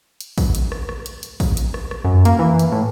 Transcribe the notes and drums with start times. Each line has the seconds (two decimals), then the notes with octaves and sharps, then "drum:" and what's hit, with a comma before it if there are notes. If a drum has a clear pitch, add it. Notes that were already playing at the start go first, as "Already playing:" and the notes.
0.21 drum: hi-hat
0.38 drum: kick, open hi-hat
0.55 drum: hi-hat
0.72 drum: rim click
0.89 drum: rim click
1.06 drum: hi-hat
1.23 drum: hi-hat
1.40 drum: kick, open hi-hat
1.57 drum: hi-hat
1.74 drum: rim click
1.91 drum: rim click
2.04 F#2
2.25 A#3, drum: hi-hat
2.39 E3
2.59 drum: hi-hat
2.72 A2